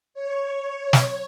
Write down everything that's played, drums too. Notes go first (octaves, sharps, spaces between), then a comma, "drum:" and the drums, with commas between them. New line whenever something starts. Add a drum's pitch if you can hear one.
C#5
drum: snare